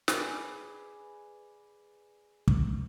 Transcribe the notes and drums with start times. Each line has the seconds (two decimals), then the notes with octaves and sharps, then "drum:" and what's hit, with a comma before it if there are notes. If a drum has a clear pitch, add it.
0.08 G#4 B4 D5, drum: snare
2.48 drum: kick